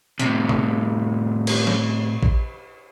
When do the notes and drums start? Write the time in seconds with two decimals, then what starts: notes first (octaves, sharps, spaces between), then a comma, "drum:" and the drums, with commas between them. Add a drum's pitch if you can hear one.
0.20 A2 C3, drum: hi-hat
0.49 drum: tom C3
1.47 drum: cymbal
1.67 drum: snare
2.23 drum: kick A1